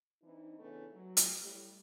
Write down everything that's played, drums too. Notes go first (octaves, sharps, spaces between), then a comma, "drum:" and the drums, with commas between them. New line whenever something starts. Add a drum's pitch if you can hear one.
E3 C4 D4 D#4
C#3 E3 A3 B3 C#4 D4
F#3
drum: hi-hat
A2 G3